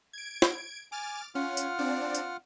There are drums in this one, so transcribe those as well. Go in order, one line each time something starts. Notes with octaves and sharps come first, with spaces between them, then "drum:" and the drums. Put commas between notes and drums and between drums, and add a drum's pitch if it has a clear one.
G#6 D7
drum: snare
G#5 D6 F6 A6
C#4 F4 F#5 F6
drum: tambourine
C4 D4 D5
drum: tambourine